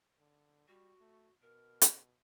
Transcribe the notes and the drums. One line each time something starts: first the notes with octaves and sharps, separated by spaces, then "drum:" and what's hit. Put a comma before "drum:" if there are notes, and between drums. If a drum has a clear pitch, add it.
D3
G3 F#4
A3
B2 A#4
drum: hi-hat